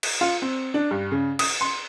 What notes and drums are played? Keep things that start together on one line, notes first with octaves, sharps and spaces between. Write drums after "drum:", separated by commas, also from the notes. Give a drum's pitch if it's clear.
drum: cymbal
F4
C4
D4
G2
C#3
D#6, drum: cymbal
C6